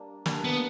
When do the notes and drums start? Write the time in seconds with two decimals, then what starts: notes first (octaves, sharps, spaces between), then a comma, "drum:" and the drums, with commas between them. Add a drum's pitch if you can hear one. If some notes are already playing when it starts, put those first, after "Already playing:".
Already playing: G3 A#3 D4
0.26 G3 A#3 D4, drum: snare
0.44 B3